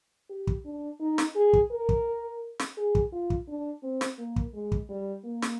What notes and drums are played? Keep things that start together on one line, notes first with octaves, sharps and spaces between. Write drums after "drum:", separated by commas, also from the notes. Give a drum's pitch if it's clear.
G4
drum: kick
D4
D#4
drum: snare
G#4
drum: kick
A#4
drum: kick
drum: snare
G#4
drum: kick
F4
drum: kick
D4
C4
drum: snare
A#3
drum: kick
G#3
drum: kick
G3
A#3
drum: snare